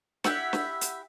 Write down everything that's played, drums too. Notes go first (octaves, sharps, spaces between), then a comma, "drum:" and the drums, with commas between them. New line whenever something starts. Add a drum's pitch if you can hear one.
E4 G4 E5 F#5, drum: snare
drum: snare
drum: hi-hat